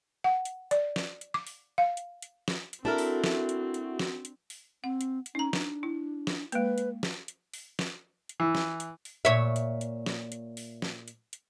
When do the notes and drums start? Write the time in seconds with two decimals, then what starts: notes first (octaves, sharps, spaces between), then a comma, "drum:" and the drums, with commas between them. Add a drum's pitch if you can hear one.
0.24 F#5
0.45 drum: hi-hat
0.71 D5, drum: hi-hat
0.96 drum: snare
1.21 drum: hi-hat
1.34 D6
1.47 drum: open hi-hat
1.78 F5
1.97 drum: hi-hat
2.22 drum: hi-hat
2.48 drum: snare
2.73 drum: hi-hat
2.85 C4 D4 E4 F#4 A4 A#4 E5
2.98 drum: open hi-hat
3.24 drum: snare
3.49 drum: hi-hat
3.74 drum: hi-hat
3.99 drum: snare
4.25 drum: hi-hat
4.50 drum: open hi-hat
4.84 C4 F#5
5.01 drum: hi-hat
5.26 drum: hi-hat
5.35 C#4 D#4 A#5
5.53 D4, drum: snare
5.83 E4
6.27 drum: snare
6.52 G#3 A#3 B4, drum: hi-hat
6.78 drum: hi-hat
7.03 drum: snare
7.28 drum: hi-hat
7.54 drum: open hi-hat
7.79 drum: snare
8.29 drum: hi-hat
8.40 E3
8.55 drum: snare
8.80 drum: hi-hat
9.05 drum: open hi-hat
9.25 A#2 C#5 E5
9.56 drum: hi-hat
9.81 drum: hi-hat
10.06 drum: snare
10.32 drum: hi-hat
10.57 drum: open hi-hat
10.82 drum: snare
11.08 drum: hi-hat
11.33 drum: hi-hat